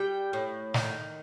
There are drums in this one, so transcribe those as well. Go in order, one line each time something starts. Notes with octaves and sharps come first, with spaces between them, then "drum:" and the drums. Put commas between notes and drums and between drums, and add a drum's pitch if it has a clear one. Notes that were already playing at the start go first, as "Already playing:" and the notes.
Already playing: G3 G5
A2
D#3, drum: snare